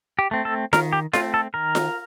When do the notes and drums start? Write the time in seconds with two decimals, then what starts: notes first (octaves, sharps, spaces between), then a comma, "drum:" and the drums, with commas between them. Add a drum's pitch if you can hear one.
0.19 G4
0.31 A3 C4
0.45 A4
0.73 D#3 A#4, drum: snare F4
0.93 G4
1.13 A3 C4 F4, drum: snare F4
1.34 A4
1.54 D#3 A#4
1.75 drum: snare F4